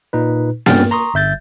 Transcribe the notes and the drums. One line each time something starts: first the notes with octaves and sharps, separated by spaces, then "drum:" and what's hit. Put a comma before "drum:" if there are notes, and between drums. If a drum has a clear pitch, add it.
A#2 D#4 B4
G2 B3 C#4 G5 F6 A6, drum: snare A#3
A#5 C6 C#6 D#6
G1 E5 G6 A6